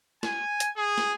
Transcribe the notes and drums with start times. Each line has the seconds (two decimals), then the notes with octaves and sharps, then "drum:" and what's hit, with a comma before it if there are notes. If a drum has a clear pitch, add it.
0.23 G#5, drum: snare
0.60 drum: hi-hat
0.77 G#4
0.98 drum: snare